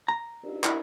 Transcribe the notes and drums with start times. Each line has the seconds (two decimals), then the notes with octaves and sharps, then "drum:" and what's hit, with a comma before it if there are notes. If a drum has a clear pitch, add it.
0.08 A#5
0.43 drum: cymbal
0.64 E4 A#4 B5, drum: clap